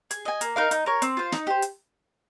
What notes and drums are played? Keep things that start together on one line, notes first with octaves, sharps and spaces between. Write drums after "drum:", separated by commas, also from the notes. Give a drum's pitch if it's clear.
G#4, drum: hi-hat
D#5 G#5
A#3, drum: hi-hat
D#4 A#4 F5
D#4, drum: hi-hat
A#4 C#5
C4, drum: hi-hat
F4 C5
D#4, drum: snare
G4 C5
drum: hi-hat